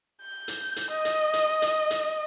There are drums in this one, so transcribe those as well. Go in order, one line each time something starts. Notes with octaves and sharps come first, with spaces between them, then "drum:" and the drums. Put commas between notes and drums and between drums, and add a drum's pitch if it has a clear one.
G6
drum: hi-hat
drum: hi-hat
D#5
drum: hi-hat
drum: hi-hat
drum: hi-hat
drum: hi-hat